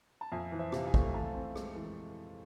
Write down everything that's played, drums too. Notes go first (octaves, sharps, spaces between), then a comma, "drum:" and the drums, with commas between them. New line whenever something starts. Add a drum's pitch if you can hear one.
A5
F2 E5 G#5
E3
C5 E5
C3 F5, drum: rim click
E5 G#5
A3, drum: kick
E3 F5 A5
C4
G#3, drum: rim click
E3